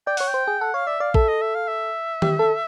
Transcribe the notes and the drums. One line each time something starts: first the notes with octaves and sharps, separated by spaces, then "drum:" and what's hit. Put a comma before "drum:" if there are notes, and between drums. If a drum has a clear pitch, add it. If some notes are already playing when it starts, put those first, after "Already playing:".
D5 G5
C#5 F#5, drum: open hi-hat
G5
C5
G#4
A4 F#5
C#5 F5
D5 E5
D5 F5
A4 E5, drum: kick A#1
D#5
E5
F5
E5
G4, drum: tom D#3
A4